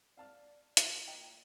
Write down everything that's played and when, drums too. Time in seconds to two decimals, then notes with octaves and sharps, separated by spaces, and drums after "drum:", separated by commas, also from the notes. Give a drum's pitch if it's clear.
0.17 D5 F5 A5 F6
0.77 B2, drum: hi-hat
1.08 A#2 D#5 G5 A#5